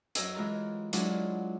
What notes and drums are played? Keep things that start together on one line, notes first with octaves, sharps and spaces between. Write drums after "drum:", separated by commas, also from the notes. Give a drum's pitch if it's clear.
F#2 A#4 D#5 G#5 E6, drum: hi-hat
E3 G#3 F4 A#4
F#3 G#3 D4 E4 F4, drum: hi-hat